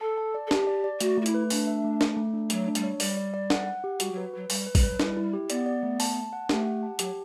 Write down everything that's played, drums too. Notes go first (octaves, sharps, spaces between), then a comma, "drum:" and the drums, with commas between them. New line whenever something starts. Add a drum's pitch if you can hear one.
A4 A5
A5
D5
A4
G4 A5, drum: snare
D5
D5
A3 F#4, drum: hi-hat
A3 F#4
E4, drum: hi-hat
B4
A3 D4, drum: open hi-hat
E5
A3
A3, drum: snare
A3
D4
F#3 A3, drum: hi-hat
D4
G3, drum: hi-hat
C#5
G3 D5, drum: open hi-hat
D5
D5
F#5, drum: snare
F#5
G4
G3 F#4, drum: hi-hat
F#3
B4
F#3 B4
G3 B4, drum: open hi-hat
B4
G3, drum: kick A1, open hi-hat
B4
F#3
G3 E4, drum: snare
E4
G4
B3 D5, drum: hi-hat
D5
A3
A5, drum: open hi-hat
A5
F#5
A3 G4, drum: snare
F#5
A5
F#3 G4, drum: hi-hat